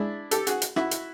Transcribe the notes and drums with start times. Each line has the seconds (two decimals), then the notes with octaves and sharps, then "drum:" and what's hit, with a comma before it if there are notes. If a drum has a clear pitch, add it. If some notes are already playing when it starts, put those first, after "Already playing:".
Already playing: G#3 D4 E4
0.31 G4 A4, drum: hi-hat
0.47 F#4 G#4, drum: hi-hat
0.62 drum: hi-hat
0.76 E4 F#4, drum: rim click
0.91 drum: hi-hat